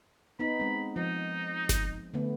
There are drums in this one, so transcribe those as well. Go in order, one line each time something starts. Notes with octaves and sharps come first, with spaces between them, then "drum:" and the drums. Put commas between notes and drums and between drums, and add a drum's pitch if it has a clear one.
B3 D#4 B5
G#3 C4
F3 D#4
drum: snare G1
D3 A3 B3